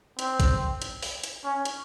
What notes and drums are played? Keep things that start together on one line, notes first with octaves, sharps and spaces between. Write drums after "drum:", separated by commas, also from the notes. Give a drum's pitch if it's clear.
C4, drum: hi-hat
drum: kick, hi-hat
drum: hi-hat
drum: open hi-hat
drum: hi-hat
C#4
drum: hi-hat